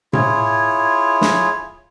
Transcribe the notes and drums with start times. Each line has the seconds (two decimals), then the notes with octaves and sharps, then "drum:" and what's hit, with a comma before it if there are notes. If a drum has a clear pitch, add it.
0.13 E4 F4 G#4 C#5, drum: tom A2
1.21 drum: snare